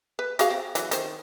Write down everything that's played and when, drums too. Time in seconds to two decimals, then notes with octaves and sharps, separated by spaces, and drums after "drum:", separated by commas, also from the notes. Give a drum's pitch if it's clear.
0.19 B4
0.39 F#4 G#4 F5, drum: hi-hat
0.50 C4
0.75 E3 F#3, drum: hi-hat
0.91 D#3 C5, drum: hi-hat